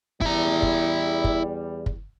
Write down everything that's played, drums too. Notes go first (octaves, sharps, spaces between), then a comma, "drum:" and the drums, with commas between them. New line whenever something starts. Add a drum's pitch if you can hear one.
E2 G3 E4 A#5, drum: kick
drum: kick
drum: kick
drum: kick